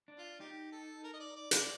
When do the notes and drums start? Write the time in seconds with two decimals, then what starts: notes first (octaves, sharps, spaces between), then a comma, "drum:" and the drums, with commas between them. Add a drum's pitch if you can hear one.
0.08 D4
0.19 F4
0.40 D#4 G4
0.72 A4
1.04 A#4
1.13 D#5
1.20 D5
1.36 D5
1.51 D5, drum: hi-hat